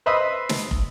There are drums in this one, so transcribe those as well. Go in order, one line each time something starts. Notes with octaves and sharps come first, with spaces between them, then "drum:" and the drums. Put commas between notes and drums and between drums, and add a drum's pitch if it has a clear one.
B4 C5 D#5 E5 B5 D#6
drum: snare
drum: kick